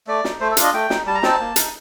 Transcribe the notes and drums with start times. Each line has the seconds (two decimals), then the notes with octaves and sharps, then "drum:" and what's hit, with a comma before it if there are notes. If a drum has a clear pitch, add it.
0.07 A3 D5
0.24 D#4, drum: snare
0.40 A3 C5
0.51 A4
0.57 D4 F4, drum: hi-hat
0.63 D#5
0.73 A3 G5
0.90 D#4, drum: snare
1.06 G3 A5
1.15 A#5
1.23 C4 D#4 A5, drum: snare
1.40 A#3
1.56 D#4, drum: hi-hat